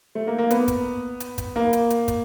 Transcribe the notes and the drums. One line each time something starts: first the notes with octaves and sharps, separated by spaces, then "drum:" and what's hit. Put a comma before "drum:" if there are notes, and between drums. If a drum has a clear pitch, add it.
A3
A#3
A#3
B3, drum: hi-hat
drum: kick, hi-hat
drum: hi-hat
drum: kick, hi-hat
A#3
drum: hi-hat
drum: hi-hat
drum: kick, hi-hat